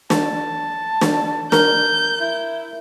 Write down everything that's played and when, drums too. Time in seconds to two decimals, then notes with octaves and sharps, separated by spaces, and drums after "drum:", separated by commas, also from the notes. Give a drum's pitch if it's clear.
0.10 A5, drum: snare
1.01 drum: snare
1.52 A#4 G6, drum: snare
2.20 E4